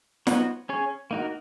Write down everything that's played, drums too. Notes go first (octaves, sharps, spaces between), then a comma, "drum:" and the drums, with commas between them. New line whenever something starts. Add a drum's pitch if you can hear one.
F#3 B3 D#4 F#4, drum: snare
C#4 G#4 C#5
A#3 D#4 F#4 A#4